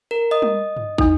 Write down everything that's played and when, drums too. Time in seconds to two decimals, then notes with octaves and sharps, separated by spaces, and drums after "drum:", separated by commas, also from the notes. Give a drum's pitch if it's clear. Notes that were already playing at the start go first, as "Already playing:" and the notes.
0.11 A#4
0.31 D#5 D#6
0.42 drum: tom G3
0.77 drum: tom G2
0.98 E2 D#4, drum: kick